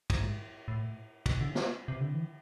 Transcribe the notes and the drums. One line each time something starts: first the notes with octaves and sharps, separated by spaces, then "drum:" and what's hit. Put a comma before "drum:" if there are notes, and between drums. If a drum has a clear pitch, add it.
G#2, drum: kick, cymbal
A2
B2, drum: kick, cymbal
D3
drum: snare
C3
D3
E3